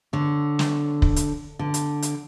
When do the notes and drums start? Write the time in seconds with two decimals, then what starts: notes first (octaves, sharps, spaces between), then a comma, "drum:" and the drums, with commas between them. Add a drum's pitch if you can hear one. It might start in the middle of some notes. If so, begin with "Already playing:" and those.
0.13 D3 C#5
0.59 drum: snare
1.02 drum: kick
1.16 drum: hi-hat
1.59 D3
1.74 drum: hi-hat
2.02 drum: hi-hat